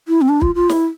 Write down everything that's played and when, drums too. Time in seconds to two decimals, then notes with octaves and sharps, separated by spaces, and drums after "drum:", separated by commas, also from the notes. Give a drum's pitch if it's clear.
0.08 E4
0.21 C4
0.29 D4
0.41 F4, drum: kick
0.55 F4
0.69 E4, drum: snare